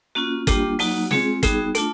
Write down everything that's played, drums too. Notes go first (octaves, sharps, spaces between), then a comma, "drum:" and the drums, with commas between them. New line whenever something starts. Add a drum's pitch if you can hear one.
A#3 C#4 F4 F#4
G3 A#3 D4 F4 G4, drum: kick, hi-hat
F#3 A#3 D#4 F#4, drum: open hi-hat
G#3 C4 F4 G#4, drum: snare
G3 B3 D#4 F#4 G#4, drum: kick, hi-hat
A3 D4 F4, drum: hi-hat